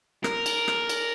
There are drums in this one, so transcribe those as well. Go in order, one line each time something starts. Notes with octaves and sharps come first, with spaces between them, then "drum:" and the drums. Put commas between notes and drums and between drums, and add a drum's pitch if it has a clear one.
A#4, drum: rim click
drum: cymbal
drum: rim click
drum: cymbal